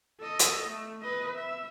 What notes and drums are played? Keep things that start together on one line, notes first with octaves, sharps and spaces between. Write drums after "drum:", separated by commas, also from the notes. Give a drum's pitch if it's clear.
A4 D#5
drum: hi-hat
A3
B4 D#5
E5